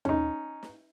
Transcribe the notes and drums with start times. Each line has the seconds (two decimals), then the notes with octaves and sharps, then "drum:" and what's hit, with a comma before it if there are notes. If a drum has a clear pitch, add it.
0.05 C#4 D#4, drum: tom D#2
0.63 drum: snare